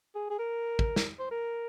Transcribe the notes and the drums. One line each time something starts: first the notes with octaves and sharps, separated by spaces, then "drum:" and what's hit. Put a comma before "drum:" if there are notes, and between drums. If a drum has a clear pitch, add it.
G#4
G#4
A#4
drum: kick
drum: snare
C5
A#4